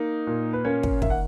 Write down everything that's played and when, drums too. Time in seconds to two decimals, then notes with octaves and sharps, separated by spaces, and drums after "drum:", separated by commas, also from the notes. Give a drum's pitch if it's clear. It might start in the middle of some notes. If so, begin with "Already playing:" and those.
Already playing: A#3 D#4
0.27 A#2
0.53 B4
0.65 A#3 C#4 C#5
0.83 drum: kick
1.02 D#3 E5, drum: kick
1.10 F#5